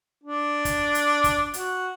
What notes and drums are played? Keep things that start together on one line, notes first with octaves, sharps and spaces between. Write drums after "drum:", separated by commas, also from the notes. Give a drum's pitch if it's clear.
D4
drum: kick, hi-hat
drum: hi-hat
drum: kick, hi-hat
F#4, drum: hi-hat